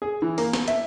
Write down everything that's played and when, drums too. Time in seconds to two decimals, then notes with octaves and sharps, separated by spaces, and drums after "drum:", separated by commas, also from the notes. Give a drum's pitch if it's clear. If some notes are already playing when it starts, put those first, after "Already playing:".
0.02 G#4
0.22 E3
0.38 A#3, drum: open hi-hat
0.53 drum: snare
0.68 E5, drum: hi-hat